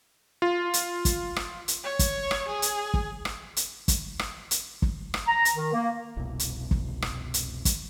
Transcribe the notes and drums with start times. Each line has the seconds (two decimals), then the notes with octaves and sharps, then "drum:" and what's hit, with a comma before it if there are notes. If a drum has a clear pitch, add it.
0.42 F4
0.74 drum: hi-hat
1.05 drum: kick, hi-hat
1.36 drum: rim click
1.68 drum: hi-hat
1.84 C#5
1.99 drum: kick, hi-hat
2.31 drum: rim click
2.48 G#4
2.62 drum: hi-hat
2.94 drum: kick
3.25 drum: rim click
3.57 drum: hi-hat
3.88 drum: kick, hi-hat
4.19 drum: rim click
4.51 drum: hi-hat
4.82 drum: kick
5.14 drum: rim click
5.28 A#5
5.45 drum: hi-hat
5.55 D#3
5.73 A#3
6.17 F1 C2 B2
6.39 drum: hi-hat
6.71 drum: kick
7.02 drum: rim click
7.34 drum: hi-hat
7.65 drum: kick, hi-hat